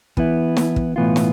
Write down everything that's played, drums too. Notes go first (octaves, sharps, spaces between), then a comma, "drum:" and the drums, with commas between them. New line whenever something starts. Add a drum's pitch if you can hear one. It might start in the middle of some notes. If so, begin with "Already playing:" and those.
E3 B3 E4, drum: kick
drum: snare
drum: kick
B1 A2 E3 B3 F4
drum: snare